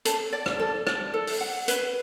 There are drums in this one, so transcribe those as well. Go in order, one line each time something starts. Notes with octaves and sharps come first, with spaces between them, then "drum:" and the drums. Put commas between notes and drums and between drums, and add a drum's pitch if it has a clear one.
A4, drum: hi-hat
D5
drum: rim click
A4
D5, drum: rim click
A4
drum: open hi-hat
F#5
B4, drum: hi-hat